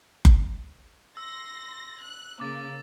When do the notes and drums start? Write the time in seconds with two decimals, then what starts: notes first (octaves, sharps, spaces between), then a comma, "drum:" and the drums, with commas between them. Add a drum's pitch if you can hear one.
0.25 drum: kick F#1
1.17 C6 E6 A#6
2.01 F#6
2.40 C#3 A#3 D6 A6